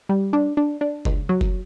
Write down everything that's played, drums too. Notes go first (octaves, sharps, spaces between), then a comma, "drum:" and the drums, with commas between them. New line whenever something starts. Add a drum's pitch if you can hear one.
G3
D4
D4
D4
C#2, drum: kick
F#3
drum: kick